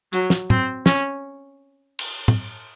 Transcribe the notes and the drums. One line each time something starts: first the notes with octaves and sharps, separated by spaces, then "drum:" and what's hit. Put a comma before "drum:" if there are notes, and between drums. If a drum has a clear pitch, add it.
F#3, drum: hi-hat
drum: snare
C4, drum: tom A2
C#4, drum: snare
drum: cymbal
drum: tom A2